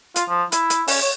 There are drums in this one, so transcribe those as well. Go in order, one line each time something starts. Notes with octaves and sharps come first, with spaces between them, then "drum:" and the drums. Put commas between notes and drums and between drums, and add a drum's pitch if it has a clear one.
F4, drum: hi-hat
F3
E4, drum: hi-hat
drum: hi-hat
C#4, drum: open hi-hat
C#5